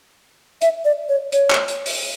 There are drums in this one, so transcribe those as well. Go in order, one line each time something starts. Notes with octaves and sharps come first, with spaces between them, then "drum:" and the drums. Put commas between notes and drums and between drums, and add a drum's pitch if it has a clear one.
E5, drum: hi-hat
D5
C#5
C#5, drum: hi-hat
drum: clap
drum: hi-hat
drum: open hi-hat